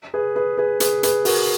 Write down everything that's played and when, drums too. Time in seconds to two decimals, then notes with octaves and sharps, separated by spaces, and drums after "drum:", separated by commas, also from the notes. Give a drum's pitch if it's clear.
0.14 G#4 B4
0.36 G#4 B4
0.58 G#4 B4
0.80 G#4 B4, drum: hi-hat
1.03 G#4 B4, drum: hi-hat
1.25 F#4 A#4, drum: open hi-hat